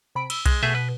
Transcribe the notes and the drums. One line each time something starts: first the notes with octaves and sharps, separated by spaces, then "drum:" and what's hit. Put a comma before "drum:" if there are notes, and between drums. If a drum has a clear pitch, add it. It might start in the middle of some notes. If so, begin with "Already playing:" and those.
C3 B5 D7
E6, drum: cymbal
G#3, drum: kick B1, cymbal
B2 A3 G#4 E5
B4